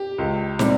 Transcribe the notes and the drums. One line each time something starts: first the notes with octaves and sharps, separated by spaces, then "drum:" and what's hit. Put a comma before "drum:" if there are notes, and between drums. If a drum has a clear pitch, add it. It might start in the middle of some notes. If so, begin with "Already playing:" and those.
Already playing: G4
C#2
C3 G3, drum: snare